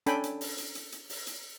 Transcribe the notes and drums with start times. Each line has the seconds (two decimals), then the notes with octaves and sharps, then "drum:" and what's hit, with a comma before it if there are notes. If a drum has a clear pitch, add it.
0.06 C#4 D4 A4 G5 G#5 B5, drum: hi-hat
0.24 drum: hi-hat
0.41 drum: open hi-hat
0.58 drum: hi-hat
0.75 drum: hi-hat
0.92 drum: hi-hat
1.09 drum: open hi-hat
1.27 drum: hi-hat